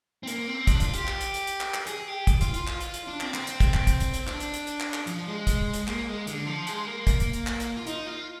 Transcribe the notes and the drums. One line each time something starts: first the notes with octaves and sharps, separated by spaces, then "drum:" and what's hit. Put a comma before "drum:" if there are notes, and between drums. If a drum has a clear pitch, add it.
C4
A#3, drum: hi-hat
C4
D4, drum: kick, hi-hat
F4, drum: hi-hat
G4, drum: hi-hat
drum: clap
drum: hi-hat
drum: hi-hat
drum: hi-hat
drum: clap
drum: clap
G#4, drum: hi-hat
G4
drum: kick, hi-hat
F4, drum: hi-hat
F4, drum: hi-hat
drum: clap
drum: hi-hat
drum: hi-hat
D4
C4, drum: clap
C4, drum: clap
drum: hi-hat
drum: kick, hi-hat
drum: clap
drum: kick, hi-hat
drum: hi-hat
drum: hi-hat
D4, drum: clap
drum: hi-hat
drum: hi-hat
drum: hi-hat
drum: clap
drum: clap
F3, drum: hi-hat
G#3
drum: kick, hi-hat
drum: hi-hat
A#3, drum: clap
G#3
D3, drum: hi-hat
F3
G#3, drum: hi-hat
A#3
drum: kick, hi-hat
drum: hi-hat
drum: hi-hat
drum: clap
drum: hi-hat
F4
D#4, drum: hi-hat
F4